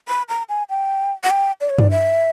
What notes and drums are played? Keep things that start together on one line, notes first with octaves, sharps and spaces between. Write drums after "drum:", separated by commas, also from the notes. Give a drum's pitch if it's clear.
B5
A#5
G#5
G5
F#5
G5
D5
C#5
D5, drum: tom G2
E5